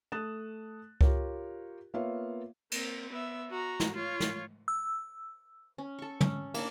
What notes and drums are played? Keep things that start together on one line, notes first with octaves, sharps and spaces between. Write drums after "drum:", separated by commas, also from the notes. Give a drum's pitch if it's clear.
A3 A4 D#6 F#6 A6 E7
F4 G4 A#4 C#5, drum: kick C#2
A#3 B3 F4 C#5 E5 F5
A#3 C4, drum: cymbal
B3 E5
F#4 A#5
drum: snare
F4 C#5
drum: snare
E6
C#4
A4 C#6
C#4, drum: tom
A#3 D4, drum: cymbal